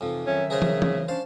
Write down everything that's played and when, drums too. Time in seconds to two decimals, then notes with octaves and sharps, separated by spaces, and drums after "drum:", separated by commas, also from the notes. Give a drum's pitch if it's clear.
0.01 F2 G#2 C3 E3 F3
0.27 D#3 F#3 C#4 E5
0.50 C#3 G#4 A#4 C5
0.62 drum: tom
0.82 E2 E5, drum: tom
1.08 C#4 D4 C5 F5 A5